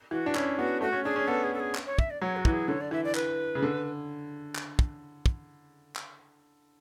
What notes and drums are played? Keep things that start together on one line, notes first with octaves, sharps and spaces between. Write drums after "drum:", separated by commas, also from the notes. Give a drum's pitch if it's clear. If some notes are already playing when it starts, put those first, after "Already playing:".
E3 F#4
D4
C#4 E4, drum: clap
B3 F#4
A3 F#4
C#4
D4 G#4
C#4
B3 A4
G#4
A4
G#4
drum: clap
C#5
E5, drum: kick
D5
F#3 C#5
F#4
E3, drum: kick
G#4
D3 C#5
D5
E3 E5
D5
B4, drum: clap
C#3
D3
drum: clap
drum: kick
drum: kick
drum: clap